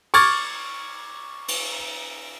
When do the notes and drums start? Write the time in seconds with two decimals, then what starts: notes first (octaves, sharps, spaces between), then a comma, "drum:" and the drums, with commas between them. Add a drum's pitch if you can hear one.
0.14 C#6 D6 F6 G#6 A6, drum: cymbal
1.48 drum: cymbal